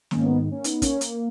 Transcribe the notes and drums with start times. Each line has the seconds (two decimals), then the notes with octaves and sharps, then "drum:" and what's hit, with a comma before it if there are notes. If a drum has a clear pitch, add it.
0.11 G#2 D#3 A#3 C#4, drum: snare
0.25 B3 D#4
0.51 A#3 C#4
0.64 B3 D#4, drum: hi-hat
0.82 A#3 C#4, drum: kick, hi-hat
1.01 A#3, drum: hi-hat